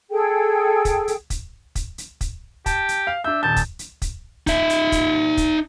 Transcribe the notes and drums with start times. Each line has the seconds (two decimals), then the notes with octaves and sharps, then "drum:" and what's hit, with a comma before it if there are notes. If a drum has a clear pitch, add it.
0.10 G#4 A4 G5
0.85 drum: kick, hi-hat
1.08 drum: hi-hat
1.30 drum: kick, hi-hat
1.75 drum: kick, hi-hat
1.98 drum: hi-hat
2.21 drum: kick, hi-hat
2.66 G4 A5, drum: kick, hi-hat
2.89 drum: hi-hat
3.07 F5
3.24 D4 E5 G6
3.43 D#1 A5 G6
3.56 drum: kick, hi-hat
3.79 drum: hi-hat
4.02 drum: kick, hi-hat
4.47 D#4 E5, drum: kick, hi-hat
4.70 drum: hi-hat
4.92 drum: kick, hi-hat
5.37 drum: kick, hi-hat